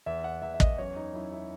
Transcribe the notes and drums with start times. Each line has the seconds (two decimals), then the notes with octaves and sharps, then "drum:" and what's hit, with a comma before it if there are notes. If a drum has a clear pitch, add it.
0.06 E2 E5
0.24 F#5
0.42 E2 E5
0.54 E5
0.60 D#5, drum: kick
0.78 F#2 C#5
0.96 D#4
1.14 F#2 E4
1.32 E4